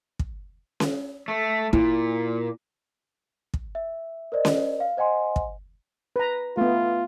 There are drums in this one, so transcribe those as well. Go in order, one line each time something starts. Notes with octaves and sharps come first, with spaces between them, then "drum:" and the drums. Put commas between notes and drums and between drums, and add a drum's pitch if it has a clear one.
drum: kick
drum: snare C#4
A3
A#2 E4, drum: kick
drum: kick
E5
A#4 C5 D5 D#5
drum: snare C#4
F5
C5 D#5 F#5 G#5 C6
drum: kick
B4 A#5
A3 B3 F4